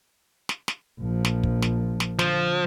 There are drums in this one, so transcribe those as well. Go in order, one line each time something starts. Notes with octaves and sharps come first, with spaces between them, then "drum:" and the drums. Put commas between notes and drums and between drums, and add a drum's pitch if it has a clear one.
drum: snare
drum: snare
A#1 F3
drum: snare
drum: kick
drum: snare
drum: snare
D3 F3, drum: snare